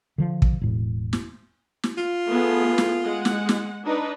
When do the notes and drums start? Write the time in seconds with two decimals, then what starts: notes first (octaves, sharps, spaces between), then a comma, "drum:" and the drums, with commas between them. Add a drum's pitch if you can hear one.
0.18 D3 F3
0.42 drum: kick
0.61 E1 A2
1.13 drum: snare
1.83 drum: snare
1.98 F4
2.27 A3 B3 G#4
2.78 drum: snare
3.03 G#3 F#5
3.25 drum: snare
3.49 drum: snare
3.84 D4 D#4 B4